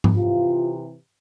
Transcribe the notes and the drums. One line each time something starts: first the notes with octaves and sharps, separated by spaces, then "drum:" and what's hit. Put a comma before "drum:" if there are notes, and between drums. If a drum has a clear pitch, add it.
drum: tom G#2
C3 E3 F4